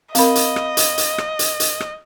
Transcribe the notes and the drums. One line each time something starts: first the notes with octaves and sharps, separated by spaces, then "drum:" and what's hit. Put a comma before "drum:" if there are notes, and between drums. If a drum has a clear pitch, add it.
C4 A#4 D#5 F5 B5, drum: hi-hat
drum: hi-hat
drum: rim click
drum: hi-hat
drum: hi-hat
drum: rim click
drum: hi-hat
drum: hi-hat
drum: rim click